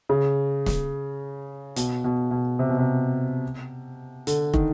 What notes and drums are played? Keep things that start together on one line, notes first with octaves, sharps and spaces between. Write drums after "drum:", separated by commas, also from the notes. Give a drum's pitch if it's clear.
C#3
drum: snare
B2, drum: hi-hat
B2
B2
C3
B2
C3
D3, drum: hi-hat
D#3, drum: kick